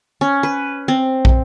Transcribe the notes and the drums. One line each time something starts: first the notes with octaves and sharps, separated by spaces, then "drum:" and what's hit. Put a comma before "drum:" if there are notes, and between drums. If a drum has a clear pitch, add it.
C#4
B4
C4
drum: kick